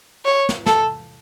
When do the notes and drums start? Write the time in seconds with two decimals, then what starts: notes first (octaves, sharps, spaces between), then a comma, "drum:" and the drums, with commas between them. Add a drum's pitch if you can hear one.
0.25 C#5
0.49 drum: snare
0.66 A4, drum: snare